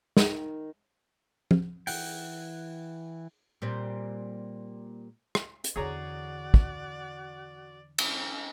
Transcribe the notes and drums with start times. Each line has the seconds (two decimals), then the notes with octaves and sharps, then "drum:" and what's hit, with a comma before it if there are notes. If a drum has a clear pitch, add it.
0.17 D#3, drum: snare
1.51 drum: tom F3
1.87 E3 F#5 G5, drum: open hi-hat
3.62 A#2 G3 C4
5.35 drum: rim click
5.64 drum: hi-hat
5.76 E2 D3 F#4 G#4 C#5 D5 A#5
6.54 drum: kick
7.98 drum: cymbal